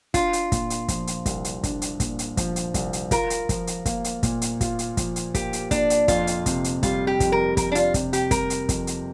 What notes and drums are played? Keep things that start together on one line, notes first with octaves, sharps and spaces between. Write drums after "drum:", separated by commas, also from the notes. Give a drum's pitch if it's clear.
D4 F4, drum: kick, hi-hat
drum: hi-hat
A#2, drum: kick, hi-hat
drum: hi-hat
F3, drum: kick, hi-hat
drum: hi-hat
C2, drum: kick, hi-hat
drum: hi-hat
D4, drum: kick, hi-hat
drum: hi-hat
A#2, drum: kick, hi-hat
drum: hi-hat
F3, drum: kick, hi-hat
drum: hi-hat
C2, drum: kick, hi-hat
drum: hi-hat
F4 A#4, drum: kick, hi-hat
drum: hi-hat
F3, drum: kick, hi-hat
drum: hi-hat
A#3, drum: kick, hi-hat
drum: hi-hat
A#2, drum: kick, hi-hat
drum: hi-hat
F4, drum: kick, hi-hat
drum: hi-hat
F3, drum: kick, hi-hat
drum: hi-hat
A#3 G4, drum: kick, hi-hat
drum: hi-hat
A#2 D4, drum: kick, hi-hat
drum: hi-hat
F2 F4, drum: kick, hi-hat
drum: hi-hat
C3, drum: kick, hi-hat
drum: hi-hat
G3 F4, drum: kick, hi-hat
G4
F2, drum: kick, hi-hat
A#4
F2 A#4, drum: kick, hi-hat
D4
F4, drum: hi-hat
C3, drum: kick, hi-hat
G4, drum: hi-hat
G3 A#4, drum: kick, hi-hat
drum: hi-hat
F2, drum: kick, hi-hat
drum: hi-hat